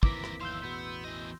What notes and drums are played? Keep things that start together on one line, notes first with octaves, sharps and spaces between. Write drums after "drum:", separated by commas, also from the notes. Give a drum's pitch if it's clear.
G1 D#2 E3 C4 A#4 D6 B6, drum: kick
drum: rim click
B1 F5 C6 E6 G6
A1 E2 B2 B3
E3 D#5